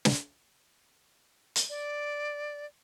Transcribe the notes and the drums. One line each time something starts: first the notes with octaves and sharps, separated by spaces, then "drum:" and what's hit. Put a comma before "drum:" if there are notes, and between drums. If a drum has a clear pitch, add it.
drum: snare
drum: hi-hat
D5